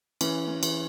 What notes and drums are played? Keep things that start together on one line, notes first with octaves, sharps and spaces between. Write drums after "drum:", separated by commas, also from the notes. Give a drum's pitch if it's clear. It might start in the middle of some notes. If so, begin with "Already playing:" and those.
E3 C#4, drum: cymbal
C#4
E3, drum: cymbal